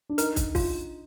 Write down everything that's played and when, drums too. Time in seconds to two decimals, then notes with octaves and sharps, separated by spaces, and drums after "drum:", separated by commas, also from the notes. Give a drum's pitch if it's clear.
0.09 D4
0.18 D#4 A#4, drum: hi-hat
0.36 drum: kick, hi-hat
0.55 F4, drum: kick, open hi-hat